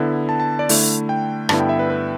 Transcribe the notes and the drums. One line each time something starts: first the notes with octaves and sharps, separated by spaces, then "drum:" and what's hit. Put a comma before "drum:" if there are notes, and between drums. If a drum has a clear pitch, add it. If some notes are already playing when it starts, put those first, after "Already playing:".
Already playing: D3 B3 E4
A5
A5
D5
D3 A3 E4, drum: open hi-hat
G5
G2 D3 B3 E4 A5, drum: rim click
G5
E5
B4
B4